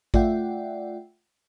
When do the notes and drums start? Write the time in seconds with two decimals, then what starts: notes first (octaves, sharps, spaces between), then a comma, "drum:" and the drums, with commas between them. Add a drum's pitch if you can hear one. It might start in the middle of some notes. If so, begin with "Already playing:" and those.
0.14 A3 F4 D5 E5 F#5 G5, drum: kick